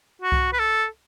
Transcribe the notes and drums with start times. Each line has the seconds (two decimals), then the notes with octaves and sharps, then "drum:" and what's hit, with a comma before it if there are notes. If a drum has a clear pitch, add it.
0.22 F#4
0.32 drum: kick C2
0.53 B4
0.59 A4